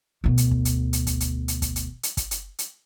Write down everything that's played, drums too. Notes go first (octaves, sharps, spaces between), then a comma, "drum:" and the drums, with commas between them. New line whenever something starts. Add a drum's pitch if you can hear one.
D2 B2
drum: hi-hat
drum: kick
drum: hi-hat
drum: hi-hat
drum: kick, hi-hat
drum: hi-hat
drum: hi-hat
drum: kick, hi-hat
drum: hi-hat
drum: hi-hat
drum: kick, hi-hat
drum: hi-hat
drum: hi-hat